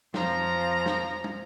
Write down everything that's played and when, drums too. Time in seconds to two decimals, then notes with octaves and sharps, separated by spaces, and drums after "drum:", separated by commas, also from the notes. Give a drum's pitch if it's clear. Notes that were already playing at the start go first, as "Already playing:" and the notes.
0.14 F2 F3 A#5 A#6, drum: snare
0.86 drum: snare
1.24 drum: tom